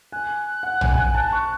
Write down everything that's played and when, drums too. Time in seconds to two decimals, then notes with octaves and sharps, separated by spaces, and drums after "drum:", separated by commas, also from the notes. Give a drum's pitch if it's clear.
0.12 G#5 F#6
0.63 F#5
0.81 G#5, drum: tom A#1
0.98 G#5
1.15 A5
1.32 C#6